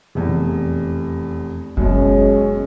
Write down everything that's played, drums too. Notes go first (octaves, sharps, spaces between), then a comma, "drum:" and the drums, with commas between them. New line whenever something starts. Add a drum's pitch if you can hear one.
F1 E2
F#2 B2 G#3 C#4, drum: kick F#1